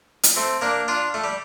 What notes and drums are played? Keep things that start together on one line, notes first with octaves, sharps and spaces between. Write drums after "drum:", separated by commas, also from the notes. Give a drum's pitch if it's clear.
drum: hi-hat
A3 C4
A#3 D4
D4 F4
A3
G3